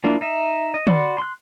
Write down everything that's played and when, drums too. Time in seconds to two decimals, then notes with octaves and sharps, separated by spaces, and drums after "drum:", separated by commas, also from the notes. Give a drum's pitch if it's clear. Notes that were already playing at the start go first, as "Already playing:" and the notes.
0.04 F3 A#3 D4 E4
0.21 D#4 E5
0.74 D#5
0.87 F#4 D5 B5 C6, drum: tom
1.18 C6 F#6